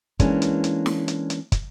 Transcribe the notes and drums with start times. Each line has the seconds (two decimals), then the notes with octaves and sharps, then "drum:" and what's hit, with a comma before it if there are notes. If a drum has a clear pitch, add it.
0.20 E3 G#3 A#3 C#4 D4, drum: kick, hi-hat
0.42 drum: hi-hat
0.64 drum: hi-hat
0.86 drum: snare
1.08 drum: hi-hat
1.30 drum: hi-hat
1.52 drum: kick, hi-hat